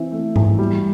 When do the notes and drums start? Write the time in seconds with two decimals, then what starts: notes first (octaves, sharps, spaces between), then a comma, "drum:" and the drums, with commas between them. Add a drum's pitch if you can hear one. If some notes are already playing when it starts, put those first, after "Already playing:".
Already playing: E3 C4
0.12 A3
0.36 E3, drum: tom G#2
0.59 G3